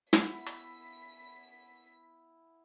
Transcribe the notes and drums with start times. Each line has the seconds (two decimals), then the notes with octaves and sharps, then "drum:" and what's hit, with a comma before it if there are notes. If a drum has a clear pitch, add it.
0.13 B3 E4 G#5 B6, drum: snare
0.46 drum: hi-hat